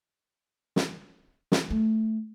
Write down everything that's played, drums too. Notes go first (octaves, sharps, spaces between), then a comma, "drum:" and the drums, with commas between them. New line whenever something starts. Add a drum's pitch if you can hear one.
drum: snare
drum: snare
A3